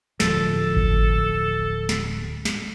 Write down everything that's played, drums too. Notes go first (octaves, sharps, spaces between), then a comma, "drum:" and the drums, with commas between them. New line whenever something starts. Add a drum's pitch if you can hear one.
D1 F3 A4, drum: snare
drum: kick G#1
drum: snare
drum: snare